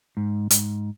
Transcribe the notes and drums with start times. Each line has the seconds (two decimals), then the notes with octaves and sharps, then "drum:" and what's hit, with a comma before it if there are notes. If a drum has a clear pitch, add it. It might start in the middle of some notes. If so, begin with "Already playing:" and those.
0.17 G#2
0.50 G#2, drum: hi-hat